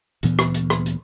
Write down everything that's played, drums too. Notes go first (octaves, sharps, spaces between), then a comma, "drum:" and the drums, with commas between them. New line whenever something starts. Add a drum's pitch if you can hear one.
D2 A#2 E3 B3, drum: hi-hat
drum: rim click
drum: hi-hat
drum: rim click
drum: hi-hat